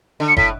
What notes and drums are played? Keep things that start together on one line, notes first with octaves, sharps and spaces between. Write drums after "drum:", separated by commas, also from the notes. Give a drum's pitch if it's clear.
D3
C#7
A2 B6, drum: kick F#1